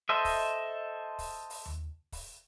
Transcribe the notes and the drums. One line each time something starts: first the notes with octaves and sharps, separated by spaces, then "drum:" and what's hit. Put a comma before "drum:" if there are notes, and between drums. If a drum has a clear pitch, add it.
A4 C5 D#5 E5
drum: kick, open hi-hat
drum: kick, open hi-hat
drum: open hi-hat
drum: tom D#2
drum: kick, open hi-hat